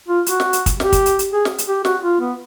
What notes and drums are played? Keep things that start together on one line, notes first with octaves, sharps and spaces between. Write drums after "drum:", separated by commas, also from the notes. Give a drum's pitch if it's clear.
F4
F#4, drum: hi-hat
drum: snare
drum: hi-hat
drum: kick, hi-hat
G4, drum: snare
drum: kick, hi-hat
drum: hi-hat
drum: hi-hat
G#4
drum: snare
drum: hi-hat
G4
F#4, drum: snare
F4
B3